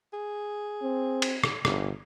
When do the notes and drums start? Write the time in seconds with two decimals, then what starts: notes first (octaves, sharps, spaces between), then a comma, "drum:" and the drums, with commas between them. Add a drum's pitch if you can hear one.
0.13 G#4
0.83 C4
1.22 drum: cymbal
1.44 drum: rim click
1.65 G1, drum: rim click